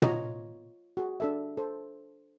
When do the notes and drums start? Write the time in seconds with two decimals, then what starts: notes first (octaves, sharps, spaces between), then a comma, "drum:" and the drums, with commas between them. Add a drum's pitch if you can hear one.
0.02 F4 C#5 D#5 A#5, drum: tom
0.97 F#4 G#4
1.20 D4 A4 E5
1.57 A4 C5